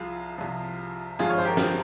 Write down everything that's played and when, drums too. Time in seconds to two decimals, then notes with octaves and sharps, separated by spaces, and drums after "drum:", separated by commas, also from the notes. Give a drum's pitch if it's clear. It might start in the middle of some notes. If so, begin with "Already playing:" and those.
Already playing: C2 C3 F3 F4 G#4
0.38 C2 C3 F3
1.19 G#1 G2 F3 F4 G#4
1.30 C#5
1.38 C5
1.45 G4 A#4
1.57 drum: snare